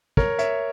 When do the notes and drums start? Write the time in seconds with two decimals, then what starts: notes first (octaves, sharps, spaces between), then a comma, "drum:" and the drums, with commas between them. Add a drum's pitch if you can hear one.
0.17 A#4 C#5, drum: kick
0.39 C#5 E5, drum: hi-hat